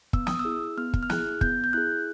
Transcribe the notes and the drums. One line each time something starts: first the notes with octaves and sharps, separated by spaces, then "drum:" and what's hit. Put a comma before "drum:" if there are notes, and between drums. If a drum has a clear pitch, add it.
B3 E6, drum: kick
D#6, drum: snare
E6
E4 G#4
B3 F6
drum: kick
F6
E4 G#4 F#6, drum: snare
B3 G6, drum: kick
G6
E4 G#4 F#6